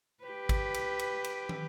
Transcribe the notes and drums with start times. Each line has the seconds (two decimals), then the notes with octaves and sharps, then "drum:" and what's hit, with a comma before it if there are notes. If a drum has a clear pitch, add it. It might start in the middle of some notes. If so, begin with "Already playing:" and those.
0.24 G4 B4
0.49 drum: kick G#1, cymbal
0.74 drum: cymbal
0.99 drum: cymbal
1.24 drum: cymbal
1.49 drum: tom